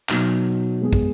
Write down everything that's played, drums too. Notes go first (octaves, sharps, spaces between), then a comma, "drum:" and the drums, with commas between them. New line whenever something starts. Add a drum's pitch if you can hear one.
B2 F#3 D#4, drum: clap
G#3 B3 G#4
drum: kick